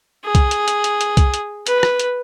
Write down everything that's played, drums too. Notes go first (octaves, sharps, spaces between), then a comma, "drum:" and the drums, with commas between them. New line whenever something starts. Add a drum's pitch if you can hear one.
G#4
drum: kick C2, hi-hat
drum: hi-hat
drum: hi-hat
drum: hi-hat
drum: hi-hat
drum: kick C2, hi-hat
drum: hi-hat
B4, drum: hi-hat
drum: rim click
drum: hi-hat